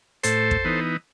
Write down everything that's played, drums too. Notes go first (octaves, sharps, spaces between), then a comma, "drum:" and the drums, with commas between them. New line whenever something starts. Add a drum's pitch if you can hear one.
A2 A4 C5, drum: hi-hat
drum: kick
E3 B3 D#4